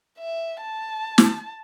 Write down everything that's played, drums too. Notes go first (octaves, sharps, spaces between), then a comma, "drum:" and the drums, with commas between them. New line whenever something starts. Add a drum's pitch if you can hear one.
E5
A5
drum: snare